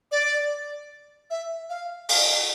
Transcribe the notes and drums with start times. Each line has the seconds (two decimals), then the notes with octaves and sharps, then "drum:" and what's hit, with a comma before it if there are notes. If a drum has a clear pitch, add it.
0.11 D5
1.30 E5
1.69 F5
2.09 F5, drum: open hi-hat